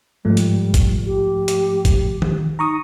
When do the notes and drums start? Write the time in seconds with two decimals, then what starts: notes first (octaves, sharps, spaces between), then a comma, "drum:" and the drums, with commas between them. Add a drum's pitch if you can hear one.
0.25 G#2 F3 G3 A3
0.37 drum: hi-hat
0.74 drum: kick A1, hi-hat
1.06 G4
1.48 drum: hi-hat
1.85 drum: kick A1, hi-hat
2.22 drum: tom D#3
2.59 D#4 A#5 C#6 D#6